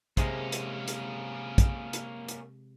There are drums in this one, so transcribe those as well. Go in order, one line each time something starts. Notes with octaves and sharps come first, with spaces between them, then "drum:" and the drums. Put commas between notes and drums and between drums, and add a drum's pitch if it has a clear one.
C3 G#3 A#3 C#4, drum: kick, hi-hat
drum: hi-hat
drum: hi-hat
drum: kick, hi-hat
drum: hi-hat
drum: hi-hat